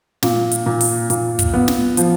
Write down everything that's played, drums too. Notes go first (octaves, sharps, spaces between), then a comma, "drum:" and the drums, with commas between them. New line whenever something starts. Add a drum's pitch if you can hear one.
A#2, drum: snare
drum: hi-hat
A#2
drum: open hi-hat
A#2, drum: hi-hat
drum: kick, hi-hat
B3
drum: snare
F3, drum: hi-hat